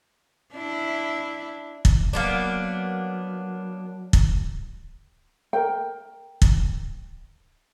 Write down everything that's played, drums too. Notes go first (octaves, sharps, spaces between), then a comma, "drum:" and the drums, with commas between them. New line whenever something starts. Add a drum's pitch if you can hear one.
D4 E4
drum: kick
F#3 A#3 B3 D4
drum: kick
A#4 G5
drum: kick